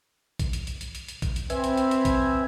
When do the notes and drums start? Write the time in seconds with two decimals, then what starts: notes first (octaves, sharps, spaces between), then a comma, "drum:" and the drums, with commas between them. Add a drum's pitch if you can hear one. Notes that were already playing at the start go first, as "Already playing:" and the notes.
0.39 drum: kick A#1, hi-hat
0.53 drum: hi-hat
0.67 drum: hi-hat
0.81 drum: hi-hat
0.95 drum: hi-hat
1.08 drum: hi-hat
1.22 drum: kick A#1, hi-hat
1.36 drum: hi-hat
1.50 C4 B4 E5 G#5, drum: hi-hat
1.64 drum: hi-hat
1.77 drum: hi-hat
1.91 drum: hi-hat
2.05 drum: kick A#1, hi-hat